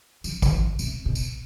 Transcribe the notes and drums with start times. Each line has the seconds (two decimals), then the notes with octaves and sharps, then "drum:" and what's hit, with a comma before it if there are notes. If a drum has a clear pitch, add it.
0.24 F3, drum: tambourine
0.42 drum: kick, tambourine
0.52 E3
0.79 C3, drum: tambourine
1.06 B2
1.15 drum: tambourine